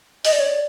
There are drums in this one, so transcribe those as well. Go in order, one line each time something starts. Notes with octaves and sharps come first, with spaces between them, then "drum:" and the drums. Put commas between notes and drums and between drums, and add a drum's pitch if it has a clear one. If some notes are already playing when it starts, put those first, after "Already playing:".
D#5, drum: open hi-hat
D5
C#5
D5